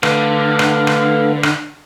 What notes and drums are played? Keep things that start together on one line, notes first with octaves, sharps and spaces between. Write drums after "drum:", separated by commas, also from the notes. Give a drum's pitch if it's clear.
D3 A3 B4 F5, drum: rim click
drum: rim click
drum: rim click
drum: rim click